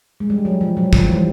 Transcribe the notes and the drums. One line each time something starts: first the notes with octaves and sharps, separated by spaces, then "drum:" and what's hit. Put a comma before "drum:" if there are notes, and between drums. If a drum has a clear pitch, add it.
G#3
G3
F#3
F3
F#3
F3, drum: kick
E3
G3